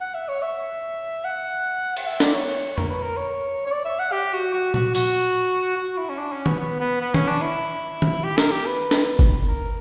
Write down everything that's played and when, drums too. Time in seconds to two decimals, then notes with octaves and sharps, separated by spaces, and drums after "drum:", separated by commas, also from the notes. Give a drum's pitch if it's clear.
0.01 F#5
0.14 E5
0.28 C#5
0.42 E5
1.25 F#5
1.97 F#5, drum: cymbal
2.07 E5
2.20 D5, drum: snare
2.35 C#5
2.78 A#4, drum: tom F2
2.89 B4
3.02 A#4
3.17 C#5
3.66 C#5
3.72 D5
3.85 E5
3.99 F#5
4.12 G4
4.33 F#4
4.53 F#4
4.74 F#4, drum: tom
4.95 F#4, drum: open hi-hat
5.77 F#4
5.98 E4
6.09 C#4
6.19 D4
6.32 C#4
6.46 B3, drum: tom
6.59 B3
6.80 B3
7.01 B3
7.14 C#4, drum: tom
7.28 D4
7.41 E4
8.02 drum: tom
8.24 G4
8.38 A#4, drum: snare
8.51 G4
8.66 B4
8.91 drum: snare
9.19 drum: kick G1
9.47 A#4